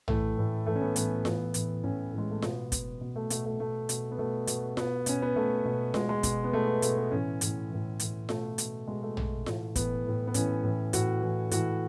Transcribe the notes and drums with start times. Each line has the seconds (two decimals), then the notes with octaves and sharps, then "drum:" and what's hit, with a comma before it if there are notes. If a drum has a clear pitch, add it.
0.08 A2 E3 A3, drum: tom
0.37 A2 E3
0.66 A2 E3 A3
0.75 C#4
0.81 B3
0.96 A2 E3 B3, drum: hi-hat
1.25 A2 E3, drum: snare F4
1.54 A2 E3, drum: hi-hat
1.84 A2 E3 C#4
2.13 A2 E3 G#3
2.30 A3
2.42 B2 B3, drum: snare F4
2.72 B2, drum: kick, hi-hat
3.01 B2
3.16 A3
3.30 B2 A3, drum: hi-hat
3.45 A3
3.60 B2 A3
3.89 B2, drum: hi-hat
4.11 B3
4.18 B2 A3
4.47 B2, drum: hi-hat
4.77 B2 B3, drum: snare F4
5.06 B2 C#4, drum: hi-hat
5.22 B3
5.36 B2 A3
5.65 B2
5.94 B2 G#3, drum: snare F4
6.09 G#3
6.23 B2, drum: kick, hi-hat
6.44 B3
6.53 B2 A3
6.67 B3
6.82 B2 A3, drum: hi-hat
6.97 B3
7.12 A2 E3 C#4
7.41 A2 E3, drum: hi-hat
7.70 A2 E3
8.00 A2 E3, drum: hi-hat
8.29 B2 A3, drum: snare F4
8.58 B2, drum: hi-hat
8.87 B2 G#3
9.03 A3
9.17 B2, drum: tom
9.46 A2 E3, drum: snare F4
9.76 A2 E3 B3, drum: kick, hi-hat
10.05 A2 E3
10.27 B3
10.34 A2 E3 C#4, drum: hi-hat
10.64 A2 E3
10.93 A2 E3 F#4, drum: hi-hat
11.22 A2 E3
11.51 A2 E3 F#4, drum: hi-hat